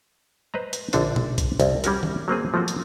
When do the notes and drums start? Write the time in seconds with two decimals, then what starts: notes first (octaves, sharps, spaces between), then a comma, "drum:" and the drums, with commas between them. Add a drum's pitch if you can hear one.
0.54 B4 C5 D#5 A#5
0.73 drum: hi-hat
0.93 A#1 D3 C4 D4 A4 C5, drum: hi-hat
1.16 drum: tom
1.38 drum: kick, hi-hat
1.60 C2, drum: hi-hat
1.84 G3 C#4 F#4 A#4, drum: hi-hat
2.03 drum: tom
2.28 F#3 A#3 C4 G#4
2.54 F3 A3 A#3 C4 F#4
2.68 drum: hi-hat